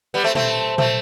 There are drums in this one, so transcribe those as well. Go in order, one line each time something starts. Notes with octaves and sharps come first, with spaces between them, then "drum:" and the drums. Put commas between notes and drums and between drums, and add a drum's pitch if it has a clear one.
G3 B3
A3 C4
A3 C4, drum: tom A#2
A3 C4, drum: tom A#2